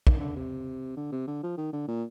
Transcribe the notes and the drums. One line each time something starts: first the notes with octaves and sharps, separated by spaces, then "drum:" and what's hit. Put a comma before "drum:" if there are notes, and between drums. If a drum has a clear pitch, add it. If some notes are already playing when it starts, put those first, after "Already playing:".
D#3, drum: kick
D3
C3
D3
C3
D3
F3
D#3
D3
A#2